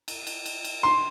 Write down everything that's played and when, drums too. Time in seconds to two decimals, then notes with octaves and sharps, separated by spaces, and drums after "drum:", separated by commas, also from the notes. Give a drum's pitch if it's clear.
0.08 drum: cymbal
0.27 drum: cymbal
0.46 drum: cymbal
0.64 drum: cymbal
0.83 C6